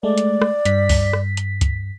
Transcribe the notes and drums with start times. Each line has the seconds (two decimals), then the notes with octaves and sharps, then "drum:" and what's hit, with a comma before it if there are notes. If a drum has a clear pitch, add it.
0.03 G#3 A3 D5
0.18 drum: hi-hat
0.42 drum: rim click
0.65 G2 B6, drum: hi-hat
0.89 drum: kick C#2, open hi-hat
1.13 drum: rim click
1.37 drum: hi-hat
1.61 drum: kick C#2, hi-hat